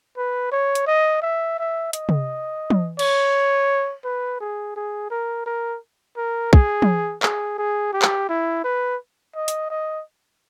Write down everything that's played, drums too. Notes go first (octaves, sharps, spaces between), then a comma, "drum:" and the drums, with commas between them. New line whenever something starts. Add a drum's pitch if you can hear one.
B4
C#5
drum: hi-hat
D#5
E5
E5
D#5, drum: hi-hat
drum: tom
drum: tom
C#5, drum: cymbal
B4
G#4
G#4
A#4
A#4
A#4
G#4, drum: kick
drum: tom
G#4, drum: clap
G#4
G4
drum: clap
E4
B4
D#5
drum: hi-hat
D#5